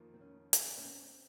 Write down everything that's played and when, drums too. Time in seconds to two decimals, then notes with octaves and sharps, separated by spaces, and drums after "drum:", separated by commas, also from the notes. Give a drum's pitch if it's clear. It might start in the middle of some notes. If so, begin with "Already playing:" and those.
Already playing: F2 D#3 A#3 F4
0.14 C4
0.21 C#4
0.53 drum: hi-hat
0.78 C#4
0.85 C4